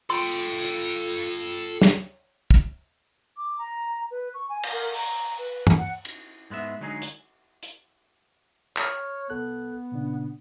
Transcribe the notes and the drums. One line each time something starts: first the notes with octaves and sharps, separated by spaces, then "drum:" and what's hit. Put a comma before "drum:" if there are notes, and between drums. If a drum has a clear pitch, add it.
F4 A4 G5 C6
drum: hi-hat
drum: snare
drum: kick
D6
A#5
B4
C#6
G#5
drum: cymbal
A#4
A#5, drum: open hi-hat
B4
drum: tom
F#5
drum: cymbal
G#2 G#3 B3 E5
D3 F#3 G#3 D#4 G#4
drum: hi-hat
drum: hi-hat
C#5 F6, drum: clap
C2 B3 A4 F#6
A#2 C#3 D4